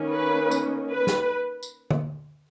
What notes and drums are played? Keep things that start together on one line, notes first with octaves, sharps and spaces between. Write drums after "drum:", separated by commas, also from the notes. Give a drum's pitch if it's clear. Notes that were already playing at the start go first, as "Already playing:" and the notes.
Already playing: D#3 A#3 C#4
B4
drum: tambourine
B4
drum: snare
drum: tambourine
drum: tom D3